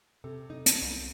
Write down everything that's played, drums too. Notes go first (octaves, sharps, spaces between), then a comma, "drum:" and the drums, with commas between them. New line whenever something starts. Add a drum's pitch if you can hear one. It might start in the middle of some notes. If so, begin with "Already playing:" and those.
C3 A4
D#4
D4, drum: hi-hat
C2